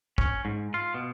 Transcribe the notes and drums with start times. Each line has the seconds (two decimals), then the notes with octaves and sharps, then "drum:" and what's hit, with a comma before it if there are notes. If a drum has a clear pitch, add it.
0.18 C#4, drum: kick
0.45 G#2
0.74 F4
0.94 B2